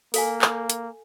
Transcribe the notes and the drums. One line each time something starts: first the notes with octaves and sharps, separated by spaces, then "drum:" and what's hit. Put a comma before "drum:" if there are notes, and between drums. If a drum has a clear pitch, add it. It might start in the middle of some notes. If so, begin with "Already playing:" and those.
A#3 A4 F5 G#5, drum: open hi-hat
drum: clap
drum: hi-hat